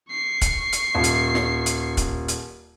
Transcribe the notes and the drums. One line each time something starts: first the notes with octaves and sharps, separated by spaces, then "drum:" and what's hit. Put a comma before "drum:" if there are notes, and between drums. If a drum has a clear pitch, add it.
C#6 C7
drum: kick, hi-hat
drum: hi-hat
D#1
drum: hi-hat
drum: snare
drum: hi-hat
drum: kick, hi-hat
drum: hi-hat